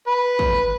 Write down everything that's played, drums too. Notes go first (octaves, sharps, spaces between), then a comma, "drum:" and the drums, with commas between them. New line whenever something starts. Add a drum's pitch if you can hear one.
B4
drum: kick